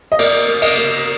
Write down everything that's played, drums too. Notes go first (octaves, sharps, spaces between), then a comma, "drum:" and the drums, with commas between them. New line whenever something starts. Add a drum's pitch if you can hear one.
D#5
A#3 D5, drum: cymbal
A#3
D#5, drum: cymbal
A#3